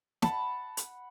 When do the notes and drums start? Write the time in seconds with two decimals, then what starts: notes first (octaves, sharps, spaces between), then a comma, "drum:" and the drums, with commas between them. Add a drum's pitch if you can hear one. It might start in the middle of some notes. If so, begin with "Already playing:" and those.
0.22 F#5 A5 B5, drum: snare
0.77 drum: hi-hat